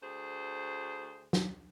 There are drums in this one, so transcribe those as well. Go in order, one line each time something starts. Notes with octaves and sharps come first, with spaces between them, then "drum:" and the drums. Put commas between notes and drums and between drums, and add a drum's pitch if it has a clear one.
D2 G#4 C5
drum: snare